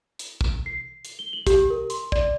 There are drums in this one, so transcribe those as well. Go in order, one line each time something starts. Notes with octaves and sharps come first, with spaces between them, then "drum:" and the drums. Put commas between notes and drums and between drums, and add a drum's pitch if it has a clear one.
drum: hi-hat
drum: kick
C7
drum: hi-hat
G7
F#7
G4, drum: kick, hi-hat
A#4
C6, drum: hi-hat
D5, drum: kick